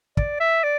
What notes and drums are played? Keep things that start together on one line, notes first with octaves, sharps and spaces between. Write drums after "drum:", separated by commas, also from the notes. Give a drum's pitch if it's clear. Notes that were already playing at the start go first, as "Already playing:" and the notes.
D5, drum: kick
E5
D5